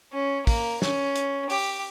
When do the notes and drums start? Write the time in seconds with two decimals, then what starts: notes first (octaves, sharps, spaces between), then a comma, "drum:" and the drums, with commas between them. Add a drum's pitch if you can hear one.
0.13 C#4
0.47 A#3, drum: kick, open hi-hat
0.82 C#4, drum: snare
1.16 drum: hi-hat
1.50 G4, drum: open hi-hat